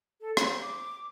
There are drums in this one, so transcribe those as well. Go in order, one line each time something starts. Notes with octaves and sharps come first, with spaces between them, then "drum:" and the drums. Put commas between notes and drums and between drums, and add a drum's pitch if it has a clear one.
A4
C5, drum: rim click
D6